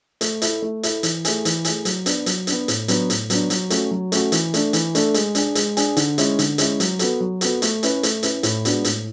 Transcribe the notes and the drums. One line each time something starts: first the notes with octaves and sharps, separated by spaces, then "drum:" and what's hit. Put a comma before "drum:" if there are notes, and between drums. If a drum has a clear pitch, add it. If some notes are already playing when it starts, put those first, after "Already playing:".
A3, drum: hi-hat
E4 A4, drum: hi-hat
A3
E4 A4, drum: hi-hat
E3, drum: hi-hat
A3 E4 G#4, drum: hi-hat
E3, drum: hi-hat
A3 E4 G#4, drum: hi-hat
F#3, drum: hi-hat
B3 D4, drum: hi-hat
F#3, drum: hi-hat
D4, drum: hi-hat
B3
A2, drum: hi-hat
F#3 B3 D4, drum: hi-hat
A2, drum: hi-hat
F#3 B3 D4, drum: hi-hat
F#3, drum: hi-hat
A3 C#4 F#4, drum: hi-hat
F#3
A3 C#4 F#4, drum: hi-hat
E3, drum: hi-hat
A3 D4 A4, drum: hi-hat
E3, drum: hi-hat
A3 D4 A4, drum: hi-hat
G#3, drum: hi-hat
D4 G#4, drum: hi-hat
G#3, drum: hi-hat
D4 G#4, drum: hi-hat
D3, drum: hi-hat
G#3 C#4 E4, drum: hi-hat
D3, drum: hi-hat
G#3 C#4 E4, drum: hi-hat
F#3, drum: hi-hat
B3 F#4 A4, drum: hi-hat
F#3
B3 F#4 A4, drum: hi-hat
A3, drum: hi-hat
C#4 E4 B4, drum: hi-hat
A3, drum: hi-hat
C#4 E4 B4, drum: hi-hat
A2, drum: hi-hat
G#3 B3 D4 F#4, drum: hi-hat
A2, drum: hi-hat